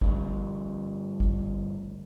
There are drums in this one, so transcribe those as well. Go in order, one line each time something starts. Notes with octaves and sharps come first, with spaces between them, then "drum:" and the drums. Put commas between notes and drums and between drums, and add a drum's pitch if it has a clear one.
D2 G2, drum: kick
drum: kick